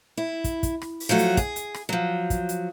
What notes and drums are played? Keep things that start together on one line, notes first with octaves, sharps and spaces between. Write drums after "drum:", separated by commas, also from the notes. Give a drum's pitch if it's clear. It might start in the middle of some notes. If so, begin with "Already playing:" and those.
E4
drum: kick, hi-hat
drum: kick, hi-hat
drum: rim click
drum: open hi-hat
F3 F#3 A3 F#4
drum: hi-hat
G#4, drum: kick, hi-hat
drum: hi-hat
drum: rim click
F3 F#3
drum: kick, hi-hat
drum: hi-hat